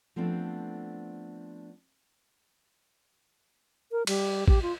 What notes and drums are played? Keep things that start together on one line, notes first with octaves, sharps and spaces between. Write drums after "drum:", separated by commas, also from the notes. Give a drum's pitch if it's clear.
F3 A3 B3 C4 D4
A#4
G3, drum: cymbal
G4, drum: kick
F4